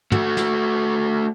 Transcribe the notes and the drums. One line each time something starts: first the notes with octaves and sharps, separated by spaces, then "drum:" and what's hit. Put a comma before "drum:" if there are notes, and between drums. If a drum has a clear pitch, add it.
A3 F#4, drum: tom
drum: snare